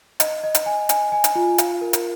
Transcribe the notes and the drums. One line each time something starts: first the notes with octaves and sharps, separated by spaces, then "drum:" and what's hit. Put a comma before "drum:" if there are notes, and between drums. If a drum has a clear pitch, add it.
D#5, drum: hi-hat
D#5
drum: hi-hat
G#5
G#5, drum: hi-hat
G#5
drum: hi-hat
F4
F5, drum: hi-hat
A#4
drum: hi-hat